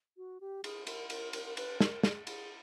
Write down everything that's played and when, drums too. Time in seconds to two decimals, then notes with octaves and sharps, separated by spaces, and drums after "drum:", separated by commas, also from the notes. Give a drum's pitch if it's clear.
0.17 F#4
0.41 G4
0.64 G#4, drum: cymbal
0.87 A#4, drum: cymbal
1.10 A#4, drum: cymbal
1.33 A#4, drum: cymbal
1.46 A#4
1.57 B4, drum: cymbal
1.80 A#4, drum: snare
2.03 G#4, drum: snare
2.27 G#4, drum: cymbal